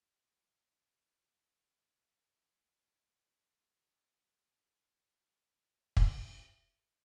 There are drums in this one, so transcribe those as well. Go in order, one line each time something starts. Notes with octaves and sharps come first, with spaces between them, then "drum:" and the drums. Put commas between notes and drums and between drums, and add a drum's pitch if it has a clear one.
F3
F#3
G#3
G3
G#3
A3
A#3
B3
A3
A3
B3
A#3
B3
A#3
B3
drum: kick